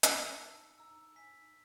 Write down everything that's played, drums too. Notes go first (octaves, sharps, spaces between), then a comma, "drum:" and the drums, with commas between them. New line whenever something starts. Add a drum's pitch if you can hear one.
G#5 E6, drum: hi-hat
A5 C#7
A#5 E6
G#5 B6